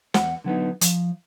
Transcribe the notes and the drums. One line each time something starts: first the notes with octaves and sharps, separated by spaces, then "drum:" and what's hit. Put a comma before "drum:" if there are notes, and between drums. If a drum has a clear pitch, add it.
E2 F#5, drum: snare
D3 F#3 B3 D#4
F3, drum: hi-hat